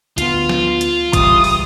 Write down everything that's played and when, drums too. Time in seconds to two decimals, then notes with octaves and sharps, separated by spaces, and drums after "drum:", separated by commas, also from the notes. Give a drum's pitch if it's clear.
0.18 D2 B3 F4, drum: hi-hat
0.49 drum: snare
0.81 drum: hi-hat
1.13 C#2 E3 G3 D#6, drum: kick A1, hi-hat
1.44 drum: open hi-hat